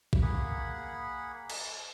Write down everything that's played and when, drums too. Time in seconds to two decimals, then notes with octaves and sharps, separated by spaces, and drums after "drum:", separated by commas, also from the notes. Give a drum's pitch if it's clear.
0.13 drum: kick
0.22 A#3 G#4 F#5 B5
1.50 drum: cymbal